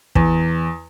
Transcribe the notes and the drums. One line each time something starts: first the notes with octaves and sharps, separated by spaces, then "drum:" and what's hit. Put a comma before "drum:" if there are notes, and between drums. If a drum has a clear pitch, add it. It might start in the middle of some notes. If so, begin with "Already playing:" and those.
E2, drum: kick